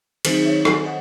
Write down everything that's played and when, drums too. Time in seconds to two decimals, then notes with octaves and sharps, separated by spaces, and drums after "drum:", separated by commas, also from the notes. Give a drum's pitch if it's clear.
0.25 D#3 F#3 C4 D#4 G#4 C5, drum: cymbal
0.45 C#5 E5
0.65 E5 G#5, drum: rim click
0.86 D#5 F#5